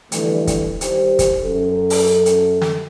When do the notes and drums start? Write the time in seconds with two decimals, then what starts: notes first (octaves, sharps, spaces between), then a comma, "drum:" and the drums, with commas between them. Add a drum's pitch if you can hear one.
0.12 B2 D3 E3 F3 G3 A3, drum: hi-hat
0.47 drum: kick, hi-hat
0.81 D#3 G3 G4 C5, drum: hi-hat
1.19 drum: kick, hi-hat
1.41 F#2 A4
1.90 drum: open hi-hat
2.26 drum: hi-hat
2.62 drum: snare